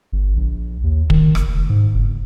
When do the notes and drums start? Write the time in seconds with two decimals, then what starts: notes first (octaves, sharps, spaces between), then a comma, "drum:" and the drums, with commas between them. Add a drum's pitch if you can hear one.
0.12 G1
0.36 A#1
0.84 D#2
1.10 D#3, drum: kick
1.35 F#1, drum: rim click
1.48 F1
1.69 G#2
1.94 F#1